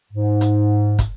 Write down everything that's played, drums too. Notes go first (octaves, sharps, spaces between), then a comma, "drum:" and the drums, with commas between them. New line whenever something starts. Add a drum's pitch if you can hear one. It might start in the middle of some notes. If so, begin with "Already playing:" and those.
G#2
drum: hi-hat
drum: kick, hi-hat